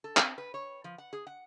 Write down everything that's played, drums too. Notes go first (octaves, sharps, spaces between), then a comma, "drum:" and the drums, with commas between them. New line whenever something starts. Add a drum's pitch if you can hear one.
A4
C4, drum: clap
B4
C#5
F3
F#5
G#4
F#5